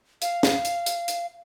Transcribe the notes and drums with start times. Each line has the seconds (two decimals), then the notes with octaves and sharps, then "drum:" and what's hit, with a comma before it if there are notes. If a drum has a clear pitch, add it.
0.22 F5, drum: hi-hat
0.43 drum: snare
0.65 drum: hi-hat
0.86 drum: hi-hat
1.08 drum: hi-hat